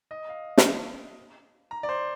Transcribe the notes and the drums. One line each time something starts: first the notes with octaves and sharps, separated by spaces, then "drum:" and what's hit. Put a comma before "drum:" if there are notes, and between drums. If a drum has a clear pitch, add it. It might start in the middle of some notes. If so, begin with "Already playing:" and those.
D#5
F5
drum: snare
A#5
D5
C5